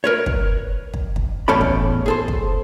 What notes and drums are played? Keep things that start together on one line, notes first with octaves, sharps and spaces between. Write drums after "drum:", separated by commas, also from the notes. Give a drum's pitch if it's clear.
A#4 B4 C#5
drum: kick
drum: kick
drum: kick
E2 A2 C#4 A4 D5 B5
drum: kick
G#4 A4 C5
drum: kick